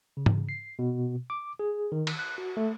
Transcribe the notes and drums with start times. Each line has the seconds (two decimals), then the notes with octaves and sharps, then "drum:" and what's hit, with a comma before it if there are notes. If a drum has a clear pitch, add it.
0.17 C#3
0.26 drum: tom G#2
0.49 C7
0.79 B2
1.30 D6
1.59 G#4
1.92 D#3
2.07 drum: cymbal
2.19 F#6
2.38 F#4
2.57 A3